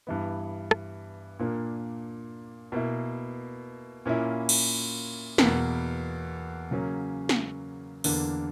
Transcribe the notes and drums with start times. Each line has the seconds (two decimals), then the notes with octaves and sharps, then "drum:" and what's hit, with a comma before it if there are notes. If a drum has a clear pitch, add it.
0.07 G2 E3 B3
0.71 drum: rim click
1.39 A#2 A#3 D4
2.72 B2 A#3 E4
4.06 A#2 A#3 C#4 E4
4.49 drum: cymbal
5.38 E2 B2 A#3, drum: snare
6.71 C#3 F#3 A#3 C#4
7.29 drum: snare
8.04 E2 D3 A#3 D4, drum: open hi-hat